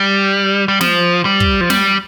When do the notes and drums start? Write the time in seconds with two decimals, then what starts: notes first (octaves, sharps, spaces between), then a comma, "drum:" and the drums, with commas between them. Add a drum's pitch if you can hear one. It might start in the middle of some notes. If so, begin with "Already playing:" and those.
Already playing: G3
0.68 G3
0.81 F3, drum: snare
1.25 G3
1.40 drum: kick
1.61 F3
1.70 G3, drum: snare